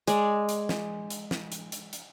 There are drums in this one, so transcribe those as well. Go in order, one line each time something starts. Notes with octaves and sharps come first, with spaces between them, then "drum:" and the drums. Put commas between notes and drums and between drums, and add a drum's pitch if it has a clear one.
G#3 D5, drum: hi-hat
drum: hi-hat
drum: snare
drum: hi-hat
drum: snare
drum: hi-hat
drum: hi-hat
drum: hi-hat